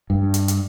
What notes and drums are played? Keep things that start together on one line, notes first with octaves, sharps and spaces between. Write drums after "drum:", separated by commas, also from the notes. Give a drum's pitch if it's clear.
G2
drum: hi-hat
drum: hi-hat